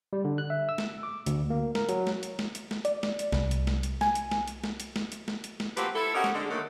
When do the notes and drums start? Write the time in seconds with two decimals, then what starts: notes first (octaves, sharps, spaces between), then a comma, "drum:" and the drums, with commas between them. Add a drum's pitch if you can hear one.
0.13 G3
0.24 D3
0.38 F#6
0.50 E5
0.69 E6
0.78 drum: snare
1.03 D6
1.26 D2, drum: hi-hat
1.50 A#3
1.75 A#4, drum: snare
1.89 F#3, drum: hi-hat
2.07 drum: snare
2.23 drum: hi-hat
2.39 drum: snare
2.55 drum: hi-hat
2.71 drum: snare
2.85 D5, drum: hi-hat
3.03 drum: snare
3.19 drum: hi-hat
3.32 C2, drum: snare
3.51 drum: hi-hat
3.67 drum: snare
3.83 drum: hi-hat
4.01 G#5, drum: snare
4.15 drum: hi-hat
4.31 drum: snare
4.48 drum: hi-hat
4.64 drum: snare
4.80 drum: hi-hat
4.96 drum: snare
5.12 drum: hi-hat
5.28 drum: snare
5.44 drum: hi-hat
5.60 drum: snare
5.77 F3 A#3 C4 F#4 G4 B4, drum: hi-hat
5.95 E4 A4
6.14 C4 C#4 D#4 F#4 G4 A#4
6.24 drum: snare
6.34 D3 G#3
6.50 D3 D#3 F#3 A3 A#3